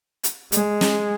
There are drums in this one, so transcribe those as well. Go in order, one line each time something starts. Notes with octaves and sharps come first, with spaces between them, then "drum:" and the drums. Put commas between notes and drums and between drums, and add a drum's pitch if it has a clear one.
drum: hi-hat
G#3, drum: hi-hat
drum: snare